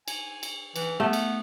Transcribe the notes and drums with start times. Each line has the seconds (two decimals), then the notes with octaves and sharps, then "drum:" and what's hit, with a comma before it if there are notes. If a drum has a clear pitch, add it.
0.08 G#5, drum: cymbal
0.43 drum: cymbal
0.76 E3, drum: cymbal
1.00 A3 B3
1.13 drum: cymbal